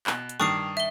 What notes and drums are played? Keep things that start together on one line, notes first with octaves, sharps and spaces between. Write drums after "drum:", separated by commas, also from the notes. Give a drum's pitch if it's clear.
B2, drum: clap
drum: hi-hat
G2 D#3 C#6 D#6 C7
E5 G7